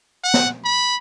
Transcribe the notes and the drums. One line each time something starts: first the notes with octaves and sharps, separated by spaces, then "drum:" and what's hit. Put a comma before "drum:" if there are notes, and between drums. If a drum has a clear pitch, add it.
F#5
drum: snare B3
B5